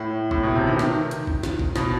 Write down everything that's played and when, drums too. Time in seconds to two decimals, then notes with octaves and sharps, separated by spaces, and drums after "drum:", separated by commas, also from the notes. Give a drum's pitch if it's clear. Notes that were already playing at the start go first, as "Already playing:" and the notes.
Already playing: A2
0.31 A2, drum: kick
0.43 B2
0.55 C3
0.67 D#3
0.79 D#3, drum: snare
1.11 drum: hi-hat
1.27 drum: kick
1.43 drum: snare
1.59 drum: kick
1.76 B2, drum: snare